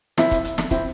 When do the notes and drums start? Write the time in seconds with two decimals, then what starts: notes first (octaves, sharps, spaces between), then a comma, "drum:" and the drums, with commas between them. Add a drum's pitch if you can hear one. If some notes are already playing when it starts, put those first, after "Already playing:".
0.17 C4 E4, drum: snare
0.31 drum: kick, hi-hat
0.45 drum: hi-hat
0.58 drum: snare
0.71 C4 E4, drum: kick, hi-hat